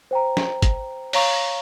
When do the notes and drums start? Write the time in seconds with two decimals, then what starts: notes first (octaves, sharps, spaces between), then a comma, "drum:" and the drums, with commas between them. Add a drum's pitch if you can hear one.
0.11 C5 G5 A#5
0.37 drum: snare
0.62 drum: kick, hi-hat
1.13 C#5 F5 A#5 C#6, drum: open hi-hat